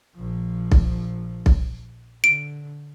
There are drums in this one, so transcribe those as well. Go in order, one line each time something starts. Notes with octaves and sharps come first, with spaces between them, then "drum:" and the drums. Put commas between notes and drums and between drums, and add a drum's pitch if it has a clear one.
A#1 F3
drum: kick B1
drum: kick B1
D3 D7